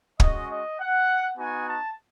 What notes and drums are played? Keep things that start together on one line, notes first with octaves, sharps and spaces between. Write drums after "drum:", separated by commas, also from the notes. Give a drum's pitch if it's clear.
G#3 C#4 F#4 D#5, drum: kick
D#5
F#5
B3 D#4 F#4 G#5
A5